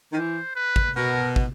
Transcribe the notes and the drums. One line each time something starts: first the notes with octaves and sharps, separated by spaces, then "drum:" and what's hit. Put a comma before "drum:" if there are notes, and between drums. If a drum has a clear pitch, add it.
D#3
E3 C5
B4
drum: kick
B2 A#4
drum: kick